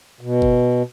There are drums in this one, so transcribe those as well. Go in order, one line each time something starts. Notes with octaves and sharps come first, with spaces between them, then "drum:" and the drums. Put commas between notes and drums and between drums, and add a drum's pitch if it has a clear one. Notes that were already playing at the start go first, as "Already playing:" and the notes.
B2
drum: kick F#1